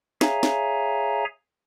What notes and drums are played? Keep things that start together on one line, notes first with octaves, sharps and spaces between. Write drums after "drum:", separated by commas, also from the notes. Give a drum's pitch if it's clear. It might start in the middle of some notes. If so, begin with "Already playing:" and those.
G#4 C#5 E5 F5 G#5 A#5, drum: snare
drum: snare